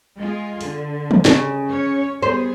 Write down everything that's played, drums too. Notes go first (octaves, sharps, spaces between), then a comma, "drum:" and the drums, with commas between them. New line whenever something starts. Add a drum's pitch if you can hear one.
G#3 F4 G#4
D3, drum: open hi-hat
drum: tom D#3
C#3, drum: snare
C#4 C#5
G3 B3 G#4 C5